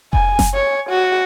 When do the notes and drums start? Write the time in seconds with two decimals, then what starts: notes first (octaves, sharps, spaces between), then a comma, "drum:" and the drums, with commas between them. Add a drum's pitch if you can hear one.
0.13 G#5, drum: kick F1
0.39 drum: snare F#1
0.54 C#5
0.89 F#4